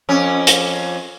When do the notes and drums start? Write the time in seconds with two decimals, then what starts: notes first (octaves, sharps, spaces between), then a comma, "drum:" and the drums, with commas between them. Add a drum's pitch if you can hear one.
0.09 F2 C#4
0.47 drum: hi-hat